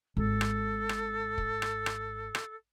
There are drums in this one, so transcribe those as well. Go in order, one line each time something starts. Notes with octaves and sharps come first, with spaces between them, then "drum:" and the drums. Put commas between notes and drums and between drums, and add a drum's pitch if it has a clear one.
G#1 A4
drum: rim click
drum: rim click
drum: kick
drum: rim click
drum: rim click
drum: rim click